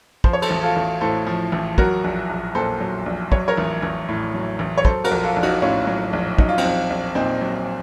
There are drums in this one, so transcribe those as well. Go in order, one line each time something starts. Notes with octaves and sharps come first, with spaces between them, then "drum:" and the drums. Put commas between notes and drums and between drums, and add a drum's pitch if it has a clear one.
F3 C5, drum: kick
C#5
A4 C5, drum: cymbal
A1
F4 A4
A1
A2 A4 C5
F3
A1
F#3 F#4 A#4, drum: kick
A#1
A#1
A#2 A4 C5
F#3
A#1
F#3 C#5, drum: kick
A#4 C#5
A1
A1
A2
F#3
A1
C#5
F#3 A4 C5, drum: kick
F#4 A#4, drum: cymbal
A#1
F4 A4
A#1
D#4 F#4, drum: cymbal
A2 C#4 F4
F#3
A#1
F#3 D#4, drum: kick
F4
C4 D#4, drum: cymbal
A#1
A#1
A#2 C4 D#4
F#3